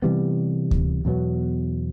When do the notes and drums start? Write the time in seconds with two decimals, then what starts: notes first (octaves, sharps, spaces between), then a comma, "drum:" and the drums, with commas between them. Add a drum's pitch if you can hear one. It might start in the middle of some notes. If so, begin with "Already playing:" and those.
0.02 C3 E3 G3 B3
0.71 drum: kick D2
1.05 E2 B2 F#3 B3